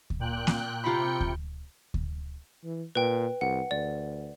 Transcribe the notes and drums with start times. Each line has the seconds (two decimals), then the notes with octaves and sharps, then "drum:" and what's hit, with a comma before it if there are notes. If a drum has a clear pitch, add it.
0.10 drum: kick D2
0.20 A#2 G5 F#6
0.47 drum: snare A#3
0.84 C3 F4 G5 A#5 B5 C#7
1.20 drum: kick D2
1.94 drum: kick D2
2.64 E3
2.95 A#2 B4 G5
3.41 C2 F#5
3.71 D2 D5